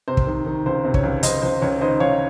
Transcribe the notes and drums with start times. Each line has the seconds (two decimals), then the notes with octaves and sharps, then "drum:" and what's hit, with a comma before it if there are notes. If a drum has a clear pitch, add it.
0.08 C3 C5
0.17 drum: kick
0.27 D#3
0.46 D#3
0.66 C#2 C5
0.85 C3
0.94 C#5, drum: kick
1.03 C#2
1.23 C#2 C5 D#5, drum: hi-hat
1.42 C#2 C5
1.62 C#2 C#5
1.81 D#3 C5 D#5
2.00 C#2 C#5 F5